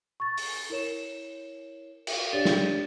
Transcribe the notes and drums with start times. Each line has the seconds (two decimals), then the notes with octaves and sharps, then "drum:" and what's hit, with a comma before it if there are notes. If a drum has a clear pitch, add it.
0.20 C#6 A6
0.38 drum: open hi-hat
0.70 E4 A#4 C#5 E7
2.07 drum: cymbal
2.33 D4 G4 C#5 D5 A6
2.45 drum: snare